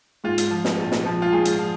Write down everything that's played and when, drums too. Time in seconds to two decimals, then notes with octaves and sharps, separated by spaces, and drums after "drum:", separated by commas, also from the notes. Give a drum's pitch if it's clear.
0.24 G#2 F4
0.38 drum: hi-hat
0.51 F3
0.65 drum: snare
0.78 A#1
0.91 drum: snare
1.06 F3
1.22 F4
1.32 G#2 G#4
1.45 drum: hi-hat
1.59 F3